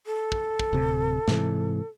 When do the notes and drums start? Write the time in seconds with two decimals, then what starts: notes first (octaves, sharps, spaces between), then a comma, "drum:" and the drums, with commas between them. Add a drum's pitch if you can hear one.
0.06 A4
0.32 drum: kick
0.59 drum: kick
0.73 D1 C3
1.28 G#2 C3 E3, drum: snare